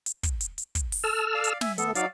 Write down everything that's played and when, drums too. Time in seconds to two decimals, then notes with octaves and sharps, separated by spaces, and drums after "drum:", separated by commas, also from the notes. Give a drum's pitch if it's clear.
0.06 drum: hi-hat
0.23 drum: kick, hi-hat
0.41 drum: hi-hat
0.58 drum: hi-hat
0.75 drum: kick, hi-hat
0.92 drum: open hi-hat
1.04 A4 E6 F6
1.35 D5 F5
1.44 drum: hi-hat
1.61 E5 G#5, drum: snare
1.78 A3 B3 A4, drum: hi-hat
1.95 F#3 D#4 D5 F5, drum: hi-hat